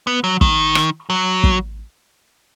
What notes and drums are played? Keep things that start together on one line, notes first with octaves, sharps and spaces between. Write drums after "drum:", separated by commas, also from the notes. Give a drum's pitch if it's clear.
B3
F#3
D#3, drum: kick
drum: rim click
F#3
drum: kick